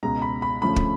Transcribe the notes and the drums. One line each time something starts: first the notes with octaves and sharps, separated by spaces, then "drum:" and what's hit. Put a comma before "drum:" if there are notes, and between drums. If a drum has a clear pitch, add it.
C#2 B2 G#3 A#5
B5
B5
D2 C#3 F3 A3 C#4 B5
drum: kick